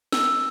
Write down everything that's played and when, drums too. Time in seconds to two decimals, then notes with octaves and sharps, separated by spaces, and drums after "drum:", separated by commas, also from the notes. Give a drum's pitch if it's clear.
0.12 E6, drum: snare